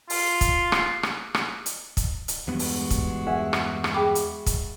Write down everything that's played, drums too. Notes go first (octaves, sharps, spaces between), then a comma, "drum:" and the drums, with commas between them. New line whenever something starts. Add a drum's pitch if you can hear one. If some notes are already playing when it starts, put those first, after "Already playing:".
F4, drum: open hi-hat
drum: kick, hi-hat
drum: rim click
drum: rim click
drum: rim click
drum: hi-hat
drum: kick, hi-hat
drum: hi-hat
E2 G2 F#3 G#3 B3 F#4
drum: open hi-hat
drum: kick, hi-hat
G#4 E5 F#5
drum: rim click
drum: rim click
G#4 G5 B5 D6
drum: hi-hat
drum: kick, hi-hat